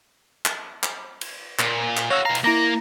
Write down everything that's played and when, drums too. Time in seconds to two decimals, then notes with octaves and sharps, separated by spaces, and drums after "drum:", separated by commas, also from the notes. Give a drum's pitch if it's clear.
0.46 drum: clap
0.83 drum: clap
1.21 drum: cymbal
1.59 A#2, drum: clap
1.97 drum: clap
2.10 F#4 C#5 F5 E6
2.25 B2 F5 A#5
2.35 drum: cymbal
2.44 A#3 E4 A#5 A#6